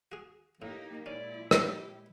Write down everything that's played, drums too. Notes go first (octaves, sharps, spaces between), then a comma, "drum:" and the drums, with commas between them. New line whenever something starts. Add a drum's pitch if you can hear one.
F#4 G#4
A2 A#3 D#4 G4
A#2 G#3 C#4 E4 D5
G4 B4 C#5 E5, drum: rim click